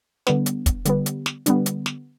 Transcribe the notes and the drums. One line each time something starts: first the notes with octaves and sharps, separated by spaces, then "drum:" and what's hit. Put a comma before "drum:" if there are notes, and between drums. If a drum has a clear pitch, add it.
D3 G3 B3, drum: snare
drum: hi-hat
drum: kick, hi-hat
D3 G3 B3, drum: hi-hat
drum: hi-hat
drum: snare
D3 G3 B3, drum: hi-hat
drum: hi-hat
drum: snare